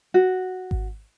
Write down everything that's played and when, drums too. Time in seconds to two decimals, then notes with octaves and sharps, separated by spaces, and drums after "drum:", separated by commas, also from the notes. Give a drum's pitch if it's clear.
0.14 F#4
0.71 drum: kick G#1